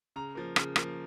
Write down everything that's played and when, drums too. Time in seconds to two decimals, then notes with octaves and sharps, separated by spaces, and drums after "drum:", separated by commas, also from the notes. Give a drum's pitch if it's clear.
0.16 C#3 A#5
0.35 F3 A#3
0.56 C#3, drum: rim click
0.76 F3 A#3, drum: rim click